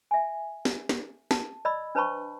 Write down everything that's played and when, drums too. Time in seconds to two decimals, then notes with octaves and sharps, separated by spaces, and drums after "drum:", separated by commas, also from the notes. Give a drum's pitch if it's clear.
0.11 E5 G#5
0.65 drum: snare
0.89 drum: snare
1.31 A5, drum: snare
1.65 D5 D#5 B5 E6
1.95 D4 B4 C5 A5 B5 C#6